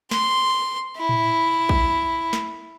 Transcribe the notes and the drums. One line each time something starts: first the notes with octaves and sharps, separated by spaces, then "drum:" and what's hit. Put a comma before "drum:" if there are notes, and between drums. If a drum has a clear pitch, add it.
C6, drum: snare
E4
drum: tom A2
drum: kick
drum: snare